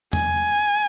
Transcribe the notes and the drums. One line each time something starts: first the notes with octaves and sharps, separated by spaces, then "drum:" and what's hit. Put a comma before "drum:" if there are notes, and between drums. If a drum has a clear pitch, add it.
G#5, drum: tom E2